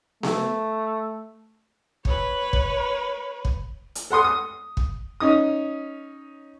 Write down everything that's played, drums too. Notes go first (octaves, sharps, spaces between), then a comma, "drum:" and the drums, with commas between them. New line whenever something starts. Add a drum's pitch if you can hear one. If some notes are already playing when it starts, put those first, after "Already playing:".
A3, drum: snare B3
B4 C#5, drum: kick
drum: kick
drum: kick
drum: hi-hat
A4 F#5 C6 D#6
D#6
drum: kick
C#4 D#4 D#6